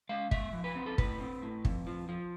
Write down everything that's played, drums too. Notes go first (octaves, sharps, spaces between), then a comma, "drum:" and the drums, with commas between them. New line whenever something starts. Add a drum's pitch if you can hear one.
G#3 F5
G#3 E5, drum: kick
F3
B4
C4
A4
A2 B4, drum: kick
C4
A2
F2, drum: kick
F3
F3